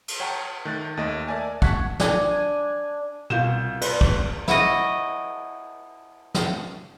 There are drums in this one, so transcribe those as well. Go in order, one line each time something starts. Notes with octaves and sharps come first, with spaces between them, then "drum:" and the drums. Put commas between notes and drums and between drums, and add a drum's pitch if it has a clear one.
drum: cymbal
C#5 F#5 G5 A5 A#5
D#3 A3 F#6 A6
D#2 A3 D#5
A#4 D5 E5 G#5 A5
F#5 A5 C#6 F#6 G#6 B6, drum: kick
D4 G#5, drum: snare
C2 B2 F4 G6 E7
B4 D5 C6, drum: cymbal
drum: kick
E4 F#4 D#5, drum: snare
drum: snare